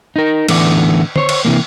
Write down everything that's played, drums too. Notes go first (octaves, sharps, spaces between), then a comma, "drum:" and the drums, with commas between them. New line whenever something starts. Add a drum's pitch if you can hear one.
D#4 A#4
A2 D3 E3 B3 D5, drum: cymbal
C5 C#5, drum: tom
drum: cymbal
C3 E3 A#3